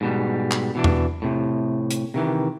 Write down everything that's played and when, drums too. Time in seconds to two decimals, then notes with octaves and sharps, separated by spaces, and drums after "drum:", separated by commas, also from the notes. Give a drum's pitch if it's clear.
0.01 G#2 B2 G3
0.51 drum: clap
0.75 B2 E3 D4
0.84 drum: tom E2
1.22 A2 C3
1.91 drum: hi-hat
2.14 C3 D#3 E3